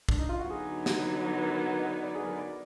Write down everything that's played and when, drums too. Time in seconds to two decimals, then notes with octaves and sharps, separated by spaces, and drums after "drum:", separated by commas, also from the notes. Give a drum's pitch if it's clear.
0.09 D4, drum: kick
0.19 D#4
0.29 F4
0.39 F#4
0.50 D3 F#3 B3 D#4 G#4
0.86 drum: snare
1.37 B4
1.43 A#4
1.55 A#4
1.68 B4
1.79 D#5
1.91 D5
2.03 D5
2.15 G#4
2.26 A#4
2.37 D5